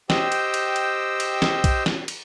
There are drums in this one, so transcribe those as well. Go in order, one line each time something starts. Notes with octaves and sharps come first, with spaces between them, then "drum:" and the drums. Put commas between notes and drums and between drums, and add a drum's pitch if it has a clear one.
G4 C5 D#5 G5 E6, drum: snare
drum: cymbal
drum: cymbal
drum: cymbal
drum: cymbal
drum: snare
drum: kick, cymbal
drum: snare
drum: cymbal